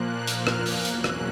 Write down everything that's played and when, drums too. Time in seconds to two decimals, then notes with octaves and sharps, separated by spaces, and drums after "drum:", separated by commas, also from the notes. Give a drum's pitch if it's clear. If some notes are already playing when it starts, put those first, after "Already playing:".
Already playing: A#2 F3 A#3 F#6
0.08 F6
0.27 drum: hi-hat
0.47 drum: rim click
0.66 drum: open hi-hat
0.85 E2 B2 F#3 A#3 C#4 F#6, drum: hi-hat
1.04 drum: rim click